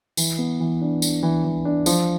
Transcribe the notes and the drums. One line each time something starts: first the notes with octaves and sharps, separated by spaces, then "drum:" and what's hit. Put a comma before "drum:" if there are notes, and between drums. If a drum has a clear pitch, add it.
E3, drum: tambourine
B3
E3
D4
D4, drum: tambourine
E3
E3
D4
F3, drum: tambourine